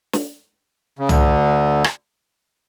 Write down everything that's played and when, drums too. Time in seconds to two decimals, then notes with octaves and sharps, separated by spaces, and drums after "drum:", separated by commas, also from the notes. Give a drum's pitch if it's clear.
0.13 drum: snare
0.99 C#3
1.09 D2 D3, drum: tom
1.84 drum: rim click